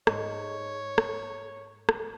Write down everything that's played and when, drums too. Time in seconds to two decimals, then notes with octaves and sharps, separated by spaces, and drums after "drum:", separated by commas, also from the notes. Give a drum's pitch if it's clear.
0.07 G#2 C#5, drum: rim click
0.98 drum: rim click
1.89 drum: rim click